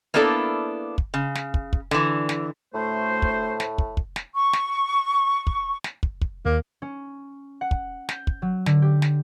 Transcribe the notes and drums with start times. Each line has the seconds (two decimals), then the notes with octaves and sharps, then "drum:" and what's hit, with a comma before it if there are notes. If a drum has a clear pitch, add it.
0.14 A#3 B3 D4 E4 A4 D5
0.98 drum: kick
1.14 C#3
1.35 drum: snare
1.54 drum: kick
1.73 drum: kick
1.91 D3 E3, drum: snare
2.29 drum: snare
2.74 D2 A2 A3 C5
3.22 drum: kick
3.60 drum: snare
3.78 drum: kick
3.97 drum: kick
4.16 drum: snare
4.35 C#6
4.53 drum: snare
5.47 drum: kick
5.84 drum: snare
6.03 drum: kick
6.22 drum: kick
6.46 D#2 A#3
6.82 C#4
7.61 F#5
7.71 drum: kick
8.09 G6, drum: snare
8.27 drum: kick
8.42 F#3
8.66 D3, drum: snare
8.82 G4
9.02 drum: snare